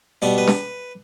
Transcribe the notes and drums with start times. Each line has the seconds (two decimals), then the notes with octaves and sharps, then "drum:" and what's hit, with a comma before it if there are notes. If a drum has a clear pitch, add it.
0.22 B2 G3 B3 D5
0.38 B4
0.47 drum: snare